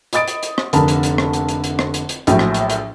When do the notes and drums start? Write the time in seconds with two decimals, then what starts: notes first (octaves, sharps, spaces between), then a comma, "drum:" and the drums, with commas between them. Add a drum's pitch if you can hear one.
0.13 D#5 B5 D#6 A6 D7, drum: hi-hat
0.28 drum: hi-hat
0.43 drum: hi-hat
0.58 drum: rim click
0.73 F1 D3 A#4 A5 B5, drum: hi-hat
0.88 drum: hi-hat
1.03 drum: hi-hat
1.18 drum: rim click
1.33 drum: hi-hat
1.49 drum: hi-hat
1.64 drum: hi-hat
1.79 drum: rim click
1.94 drum: hi-hat
2.09 drum: hi-hat
2.27 A#1 A2 F#3, drum: hi-hat
2.39 drum: rim click
2.54 drum: hi-hat
2.70 drum: hi-hat